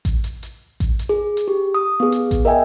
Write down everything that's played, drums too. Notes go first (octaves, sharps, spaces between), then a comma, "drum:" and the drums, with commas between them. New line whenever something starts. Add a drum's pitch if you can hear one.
drum: kick A1, hi-hat
drum: hi-hat
drum: hi-hat
drum: kick A1, hi-hat
drum: hi-hat
G#4
drum: hi-hat
G4
D#6
B3 G#4
drum: hi-hat
drum: kick A1, hi-hat
A#4 D#5 E5 G5 G#5